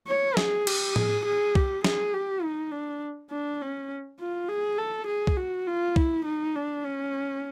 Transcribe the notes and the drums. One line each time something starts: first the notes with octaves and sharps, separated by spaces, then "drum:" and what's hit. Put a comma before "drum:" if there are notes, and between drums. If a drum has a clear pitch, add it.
C#5
G#4, drum: snare
G4, drum: cymbal
G#4, drum: tom A2
G#4
G4, drum: kick C2
G#4, drum: snare
G4
D#4
D4
D4
C#4
F4
G#4
A4
G#4
drum: kick C2
F#4
F4
E4, drum: kick C2
D#4
D4
C#4